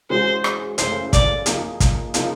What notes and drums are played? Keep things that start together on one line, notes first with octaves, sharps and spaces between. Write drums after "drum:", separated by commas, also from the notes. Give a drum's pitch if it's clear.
E3 G#3 C#4 F#4 C5
drum: rim click
F#2 C#3 E3 A3 C#4 C5, drum: hi-hat
D5, drum: kick, hi-hat
F3 A#3 D#4 G#4, drum: hi-hat
drum: kick, hi-hat
C#3 F3 A#3 D#4, drum: hi-hat